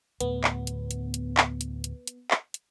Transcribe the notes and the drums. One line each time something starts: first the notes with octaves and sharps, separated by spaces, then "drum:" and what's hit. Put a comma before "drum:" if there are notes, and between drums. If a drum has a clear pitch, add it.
D2 A2 B3, drum: hi-hat
drum: clap
drum: hi-hat
drum: hi-hat
drum: hi-hat
drum: clap
drum: hi-hat
drum: hi-hat
drum: hi-hat
drum: clap
drum: hi-hat